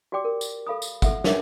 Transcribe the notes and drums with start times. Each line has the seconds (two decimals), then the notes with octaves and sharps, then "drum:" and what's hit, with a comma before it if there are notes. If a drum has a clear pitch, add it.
0.12 F#4 G4 D5 G5 D6
0.25 A#4
0.41 drum: tambourine
0.67 A4 F5 B5 D#6
0.82 drum: tambourine
1.02 A4 E5 F#5, drum: kick G1, tambourine
1.24 D4 A#4 B4 C#5 E5 D6, drum: snare